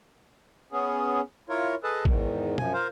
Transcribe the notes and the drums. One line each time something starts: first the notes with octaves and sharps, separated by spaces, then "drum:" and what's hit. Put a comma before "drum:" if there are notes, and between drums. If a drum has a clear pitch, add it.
B3 C#4 G#4
E4 F4 A#4 C#5
G#4 A4 B4 D#5 A5
E2 G#2 D#3, drum: kick A1
F#2 F3 G#5, drum: tom
F4 A#4 C5 F5